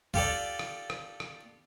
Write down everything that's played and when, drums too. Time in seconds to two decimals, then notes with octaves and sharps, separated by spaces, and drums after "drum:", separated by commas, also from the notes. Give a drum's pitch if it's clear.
0.14 F4 G4 A4 D5, drum: kick
0.59 drum: rim click
0.90 drum: rim click
1.20 drum: rim click